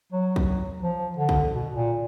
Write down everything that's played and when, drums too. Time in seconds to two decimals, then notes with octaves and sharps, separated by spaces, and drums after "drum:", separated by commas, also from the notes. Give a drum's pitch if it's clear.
0.12 F#3
0.36 drum: kick
0.82 F3
1.17 D3
1.29 drum: kick
1.52 B2
1.75 A#2